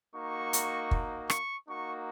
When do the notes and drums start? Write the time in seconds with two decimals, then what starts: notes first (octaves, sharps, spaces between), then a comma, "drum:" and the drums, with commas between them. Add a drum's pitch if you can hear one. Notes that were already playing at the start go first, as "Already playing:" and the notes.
0.14 A#3 D#4 F#4 C#6
0.53 drum: hi-hat
0.91 drum: kick
1.30 C#6, drum: rim click
1.68 A#3 D#4 F#4 C#6